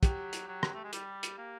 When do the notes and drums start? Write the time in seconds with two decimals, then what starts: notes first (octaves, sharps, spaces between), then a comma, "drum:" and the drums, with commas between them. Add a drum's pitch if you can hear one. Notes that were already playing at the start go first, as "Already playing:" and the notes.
0.03 F#3 G4, drum: kick, hi-hat
0.33 drum: hi-hat
0.48 F#3
0.63 drum: rim click
0.74 A3
0.84 G#3
0.93 G3, drum: hi-hat
1.23 drum: hi-hat
1.38 A#3